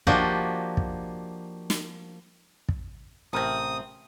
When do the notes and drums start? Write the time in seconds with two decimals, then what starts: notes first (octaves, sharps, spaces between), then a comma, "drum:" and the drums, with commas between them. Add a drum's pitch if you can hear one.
0.07 F3 A#3 D4 F#4 G4 D#5, drum: kick
0.77 drum: kick
1.70 drum: snare
2.69 drum: kick
3.33 A1 C3 A3 C4 A#4 D#6